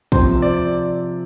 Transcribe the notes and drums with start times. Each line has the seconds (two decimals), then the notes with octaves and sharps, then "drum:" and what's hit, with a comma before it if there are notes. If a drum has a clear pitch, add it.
0.12 C3 F3 C4 C5, drum: kick
0.42 D5